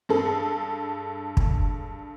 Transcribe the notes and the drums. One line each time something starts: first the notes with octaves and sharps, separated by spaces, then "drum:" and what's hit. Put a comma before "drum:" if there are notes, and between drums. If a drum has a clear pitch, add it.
G2 G#4 A4
drum: kick